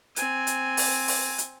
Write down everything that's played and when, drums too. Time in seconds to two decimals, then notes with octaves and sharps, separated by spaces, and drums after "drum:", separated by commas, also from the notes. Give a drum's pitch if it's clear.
0.16 C4 G#5, drum: hi-hat
0.47 drum: hi-hat
0.77 drum: open hi-hat
1.08 drum: open hi-hat
1.38 drum: hi-hat